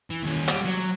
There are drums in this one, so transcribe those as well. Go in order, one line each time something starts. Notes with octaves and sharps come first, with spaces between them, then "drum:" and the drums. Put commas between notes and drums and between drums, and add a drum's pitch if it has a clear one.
E3
D#2 C#4
G3, drum: hi-hat
F#3